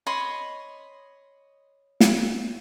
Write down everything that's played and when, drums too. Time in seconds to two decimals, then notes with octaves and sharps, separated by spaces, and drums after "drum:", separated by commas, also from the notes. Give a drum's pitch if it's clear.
0.07 C#5 D#5 B5 C6
2.00 drum: snare